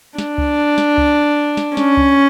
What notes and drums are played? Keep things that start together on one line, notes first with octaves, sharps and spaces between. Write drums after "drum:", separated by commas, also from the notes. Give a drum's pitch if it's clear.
D4, drum: snare
drum: kick C#2
drum: snare
drum: kick C#2
drum: snare
C#4, drum: snare
drum: kick C#2